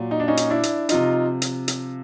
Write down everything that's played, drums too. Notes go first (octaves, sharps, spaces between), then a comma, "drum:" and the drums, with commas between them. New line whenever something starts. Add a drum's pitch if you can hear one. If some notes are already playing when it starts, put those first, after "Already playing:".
Already playing: A#2 F#3
D#4
D4
C#4 D#4
drum: hi-hat
D4 E4
drum: hi-hat
C3 F3 D#4 F4, drum: hi-hat
drum: hi-hat
drum: hi-hat